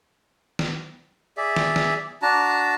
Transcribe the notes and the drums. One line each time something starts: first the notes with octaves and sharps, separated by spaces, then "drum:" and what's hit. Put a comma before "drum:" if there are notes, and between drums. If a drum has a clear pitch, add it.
drum: snare
G#4 D5 E5
drum: snare
drum: snare
D4 F#4 A5 A#5